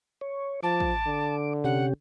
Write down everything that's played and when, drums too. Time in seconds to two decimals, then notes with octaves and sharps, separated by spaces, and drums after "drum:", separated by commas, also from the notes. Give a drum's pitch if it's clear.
0.21 C#5
0.63 F3 A5 D6
0.80 drum: kick
1.07 D3
1.64 C3 C#4 G4 F#5